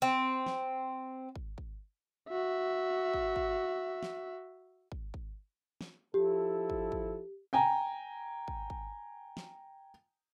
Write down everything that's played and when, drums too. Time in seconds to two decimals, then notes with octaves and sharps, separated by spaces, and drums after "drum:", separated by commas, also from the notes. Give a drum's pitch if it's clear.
0.02 C4
0.46 drum: snare
1.36 drum: kick
1.58 drum: kick
2.29 F#4 E5
3.14 drum: kick
3.36 drum: kick
4.03 drum: snare
4.92 drum: kick
5.14 drum: kick
5.81 drum: snare
6.14 F3 E4 G4 A4
6.70 drum: kick
6.92 drum: kick
7.53 G5 G#5 A#5
8.48 drum: kick
8.70 drum: kick
9.37 drum: snare